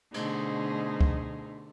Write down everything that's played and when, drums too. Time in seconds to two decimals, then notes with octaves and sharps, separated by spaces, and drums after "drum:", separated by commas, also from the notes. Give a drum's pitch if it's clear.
0.14 B2 D3 A3 D#4 G#4 C5, drum: cymbal
1.01 drum: kick C#2